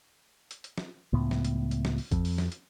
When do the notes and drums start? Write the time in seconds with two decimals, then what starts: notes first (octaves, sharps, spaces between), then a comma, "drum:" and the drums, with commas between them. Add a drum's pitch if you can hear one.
0.51 drum: hi-hat
0.64 drum: hi-hat
0.78 drum: snare
1.13 C#2 A2 B3
1.31 drum: snare
1.45 drum: hi-hat
1.71 drum: hi-hat
1.85 drum: snare
1.98 drum: open hi-hat
2.12 F2, drum: kick A1, hi-hat
2.25 drum: open hi-hat
2.38 drum: snare
2.52 drum: hi-hat